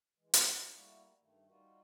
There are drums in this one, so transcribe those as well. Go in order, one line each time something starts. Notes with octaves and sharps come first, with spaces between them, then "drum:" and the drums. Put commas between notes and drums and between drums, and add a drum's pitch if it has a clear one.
E3 G#3
F#4 B4 D5 D#5 F5 F#5, drum: hi-hat
A3 D4 D#4
G3 A3 A#3 E4 F#4 A#5
G2 D#3 A3
G3 D#4 F4 F#4